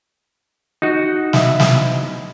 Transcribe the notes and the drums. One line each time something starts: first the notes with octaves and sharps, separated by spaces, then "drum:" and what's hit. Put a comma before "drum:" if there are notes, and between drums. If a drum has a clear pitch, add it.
D#4 F#4
E4 D#5 E5, drum: snare
drum: snare